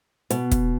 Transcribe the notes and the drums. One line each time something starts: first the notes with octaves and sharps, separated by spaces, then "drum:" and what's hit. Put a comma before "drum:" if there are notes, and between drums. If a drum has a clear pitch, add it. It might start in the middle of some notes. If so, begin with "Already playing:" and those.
B2, drum: hi-hat
drum: kick, hi-hat